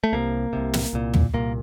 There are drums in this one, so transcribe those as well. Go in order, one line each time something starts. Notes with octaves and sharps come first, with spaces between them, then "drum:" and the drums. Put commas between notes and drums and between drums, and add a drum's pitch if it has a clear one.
A3
C2 C3 A#3
C2 C3
drum: snare
C2 A#2
drum: tom
C2 A#2 A#3